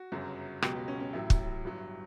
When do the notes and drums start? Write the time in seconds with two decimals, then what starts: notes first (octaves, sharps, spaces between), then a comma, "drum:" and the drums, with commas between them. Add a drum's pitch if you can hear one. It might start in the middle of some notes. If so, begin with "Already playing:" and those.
Already playing: F#4
0.12 G1 F#2 C#3 F#3
0.62 C#2 B2 F#3 G4, drum: rim click
0.75 G4
0.88 C#4
1.00 C#4
1.13 A1 A2 F#3 E4
1.30 drum: kick
1.64 G1 G2 F#3